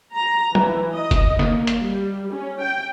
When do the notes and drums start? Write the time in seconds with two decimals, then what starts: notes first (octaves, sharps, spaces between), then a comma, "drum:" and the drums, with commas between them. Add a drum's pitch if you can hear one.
0.14 A#5
0.55 E3, drum: tom
0.92 D#5
1.11 drum: kick F#1, hi-hat
1.39 A#3, drum: snare
1.67 drum: hi-hat
1.80 G3
2.32 C#4
2.60 G5